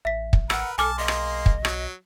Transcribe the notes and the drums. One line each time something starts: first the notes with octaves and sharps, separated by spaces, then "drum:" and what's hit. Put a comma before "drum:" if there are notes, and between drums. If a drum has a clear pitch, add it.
A1 E5 B6
drum: kick
A#4 B4 F#5 E6, drum: rim click
B1 A4 G#5 A5 D6 F6
A#3 G#4 D#5 C6
drum: rim click
drum: kick
F#3, drum: rim click